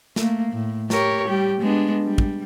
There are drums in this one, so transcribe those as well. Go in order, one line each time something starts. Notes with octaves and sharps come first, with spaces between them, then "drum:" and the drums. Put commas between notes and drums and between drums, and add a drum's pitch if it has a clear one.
A3 A#3, drum: snare
A2
G4 A#4 C#5, drum: snare
G3 G4
G#3 B3 D4
G3
drum: kick